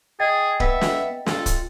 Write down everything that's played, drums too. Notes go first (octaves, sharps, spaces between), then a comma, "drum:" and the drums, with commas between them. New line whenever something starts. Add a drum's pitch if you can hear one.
G#4 D#5 G5 A6
B3 E5, drum: kick
drum: snare
F4 A4, drum: snare
drum: kick, hi-hat